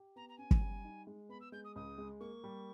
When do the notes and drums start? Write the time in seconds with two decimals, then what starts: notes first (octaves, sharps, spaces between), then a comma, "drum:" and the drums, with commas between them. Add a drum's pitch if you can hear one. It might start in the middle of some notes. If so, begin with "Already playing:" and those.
Already playing: G4
0.16 B3 A#5
0.29 A#5
0.38 C#4 G#5
0.51 drum: kick
0.61 G3
0.84 D#4
1.07 G#3
1.29 B3 B5
1.41 E6
1.52 G#3 G6
1.64 D#6
1.76 C#2 D#6
1.98 G#3
2.20 A#3 C#6
2.44 G3